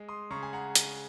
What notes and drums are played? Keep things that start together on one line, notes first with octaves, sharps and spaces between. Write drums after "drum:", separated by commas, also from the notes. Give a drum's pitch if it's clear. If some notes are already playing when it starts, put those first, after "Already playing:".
Already playing: G#3
C6 D#6
C#3 A#5 C#6
G#5
F#5 A#5
drum: hi-hat